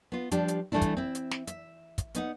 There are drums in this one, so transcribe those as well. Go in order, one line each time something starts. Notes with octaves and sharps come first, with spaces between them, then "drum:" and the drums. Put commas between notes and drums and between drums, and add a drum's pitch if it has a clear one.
B3 F4
F3 G3 D4 G4, drum: hi-hat
drum: hi-hat
E3 G3 A3 C#4 D4 E4
drum: kick, hi-hat
C4 E4
drum: hi-hat
drum: snare
E5, drum: hi-hat
drum: kick, hi-hat
B3 D#4 F#5, drum: hi-hat